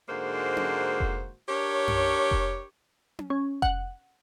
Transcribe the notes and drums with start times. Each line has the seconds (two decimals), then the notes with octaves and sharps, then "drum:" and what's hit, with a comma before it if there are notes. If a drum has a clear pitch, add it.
0.08 G#2 D3 G#3 A#3 F#4 C5
0.57 drum: tom C#4
1.00 drum: kick F1
1.48 D4 G4 A#4 C#5
1.88 drum: tom F#2
2.31 drum: kick F1
3.19 drum: tom C#4
3.30 C#4
3.62 F#5, drum: kick F1